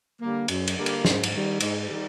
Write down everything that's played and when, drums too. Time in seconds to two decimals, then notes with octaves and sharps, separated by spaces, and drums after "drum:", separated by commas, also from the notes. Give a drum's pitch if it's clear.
0.21 D3 G3 A#3
0.48 F#2, drum: cymbal
0.67 drum: cymbal
0.77 D3 G3 A#3
0.86 drum: cymbal
1.05 G#2, drum: snare
1.23 drum: cymbal
1.33 D#3 G3
1.60 G#2, drum: cymbal
1.88 D#3 G3